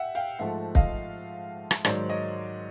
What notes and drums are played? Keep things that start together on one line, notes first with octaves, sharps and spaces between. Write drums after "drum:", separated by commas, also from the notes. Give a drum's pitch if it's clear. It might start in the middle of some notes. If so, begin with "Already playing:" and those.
Already playing: E5 F#5 G5
F5 G5
G#2 F3 A3 E5 F#5
D#5 F5, drum: kick
drum: rim click
G#2 D#3 F#3 C5 D5, drum: rim click
C#5 D#5